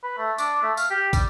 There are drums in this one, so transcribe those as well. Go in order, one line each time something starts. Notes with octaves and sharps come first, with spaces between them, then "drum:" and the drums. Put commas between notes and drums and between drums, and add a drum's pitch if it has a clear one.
B4
A3
D4, drum: tambourine
A3
F5, drum: tambourine
G4
G3, drum: kick, tambourine